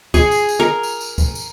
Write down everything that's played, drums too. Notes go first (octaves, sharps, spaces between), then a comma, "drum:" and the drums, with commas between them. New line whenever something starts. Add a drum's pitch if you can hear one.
G#4, drum: kick, tambourine
drum: tambourine
drum: tambourine
A#4
drum: tambourine
drum: tambourine
drum: kick, tambourine
drum: tambourine